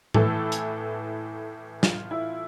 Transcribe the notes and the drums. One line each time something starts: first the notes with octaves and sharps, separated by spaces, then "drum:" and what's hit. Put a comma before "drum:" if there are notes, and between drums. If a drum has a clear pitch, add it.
A2 E3 A3 A4, drum: tom A2
drum: hi-hat
F4, drum: snare
E4